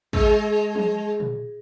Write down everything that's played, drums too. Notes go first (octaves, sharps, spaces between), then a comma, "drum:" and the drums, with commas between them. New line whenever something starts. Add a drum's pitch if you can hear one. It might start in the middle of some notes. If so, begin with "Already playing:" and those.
G#3, drum: kick
drum: tom E3
drum: tom A#2